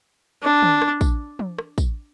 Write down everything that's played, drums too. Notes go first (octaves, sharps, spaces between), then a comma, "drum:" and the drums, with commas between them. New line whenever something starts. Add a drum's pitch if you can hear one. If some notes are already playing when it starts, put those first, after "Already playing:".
D4
drum: tom
drum: rim click
drum: kick, tambourine
drum: tom
drum: rim click
drum: kick, tambourine